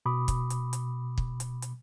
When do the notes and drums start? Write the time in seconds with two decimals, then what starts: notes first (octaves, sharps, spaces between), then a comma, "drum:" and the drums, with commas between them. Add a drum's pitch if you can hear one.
0.06 B2 B5 D6 D#6
0.28 drum: kick, hi-hat
0.50 drum: hi-hat
0.73 drum: hi-hat
1.18 drum: kick
1.40 drum: hi-hat
1.62 drum: hi-hat